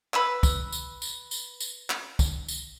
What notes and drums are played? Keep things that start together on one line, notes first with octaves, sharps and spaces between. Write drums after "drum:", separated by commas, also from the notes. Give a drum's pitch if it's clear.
B4 E6, drum: clap
drum: kick, tambourine
drum: tambourine
drum: tambourine
drum: tambourine
drum: tambourine
drum: clap
drum: kick, tambourine
drum: tambourine